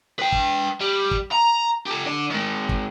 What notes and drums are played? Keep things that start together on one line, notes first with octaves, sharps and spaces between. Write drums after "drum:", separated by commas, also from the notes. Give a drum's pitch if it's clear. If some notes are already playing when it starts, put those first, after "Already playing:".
B4 G5
drum: kick
G3
drum: kick
A#5
G4 A4
D3 D5
D#3 G#3
drum: kick